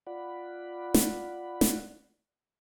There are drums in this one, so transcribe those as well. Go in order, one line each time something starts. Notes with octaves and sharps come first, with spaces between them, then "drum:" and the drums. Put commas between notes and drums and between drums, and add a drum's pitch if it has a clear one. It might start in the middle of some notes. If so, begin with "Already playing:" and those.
F4 D5 F#5 B5
drum: snare
drum: snare